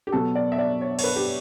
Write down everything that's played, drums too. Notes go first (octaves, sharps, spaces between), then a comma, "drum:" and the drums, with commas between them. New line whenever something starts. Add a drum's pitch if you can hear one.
G4
B2 F#3 B3 F#4 A4
D5
E5
D5
C#5
C#5, drum: cymbal
B4
G4